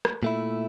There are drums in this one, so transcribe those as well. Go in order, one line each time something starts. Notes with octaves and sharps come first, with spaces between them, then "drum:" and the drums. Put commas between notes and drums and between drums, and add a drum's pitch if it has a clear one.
drum: rim click
A#2 A3 E4